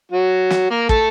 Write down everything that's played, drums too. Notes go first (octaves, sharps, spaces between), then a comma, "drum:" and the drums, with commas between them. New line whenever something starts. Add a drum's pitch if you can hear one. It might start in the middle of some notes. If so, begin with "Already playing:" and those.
F#3 F#4
drum: snare
A#3 A#4
A3 A4, drum: kick